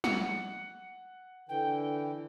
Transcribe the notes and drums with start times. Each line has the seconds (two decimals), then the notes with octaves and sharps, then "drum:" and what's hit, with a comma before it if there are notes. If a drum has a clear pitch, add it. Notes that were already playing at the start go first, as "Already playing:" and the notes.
0.04 F#5 C#7, drum: snare
1.49 D3 E3 G5